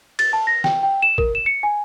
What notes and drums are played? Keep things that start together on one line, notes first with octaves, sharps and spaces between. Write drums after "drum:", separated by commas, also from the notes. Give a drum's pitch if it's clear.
A6, drum: cymbal
A5
A#6
G5, drum: snare
G5
E7
A#4, drum: kick A1
E7
C#7
G#5